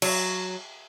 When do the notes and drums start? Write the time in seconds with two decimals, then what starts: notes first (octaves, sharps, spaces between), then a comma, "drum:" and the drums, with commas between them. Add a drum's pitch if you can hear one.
0.02 F#3, drum: cymbal